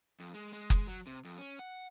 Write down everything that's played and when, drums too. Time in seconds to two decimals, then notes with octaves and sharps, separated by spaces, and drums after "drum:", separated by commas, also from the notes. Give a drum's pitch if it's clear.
0.20 F2
0.34 G#3
0.53 G#3
0.70 drum: kick F#1
0.87 F#3
1.07 C3
1.25 F2
1.38 C#4
1.59 F#5